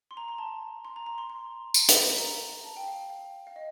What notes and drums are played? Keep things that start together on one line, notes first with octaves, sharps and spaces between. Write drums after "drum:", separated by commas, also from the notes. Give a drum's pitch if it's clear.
C6
A#5
A#5
A5
C6
A#5
A#5
C6
C6
A#5, drum: tambourine
drum: hi-hat
A#5
A5
G5
F5
F5
F5
D#5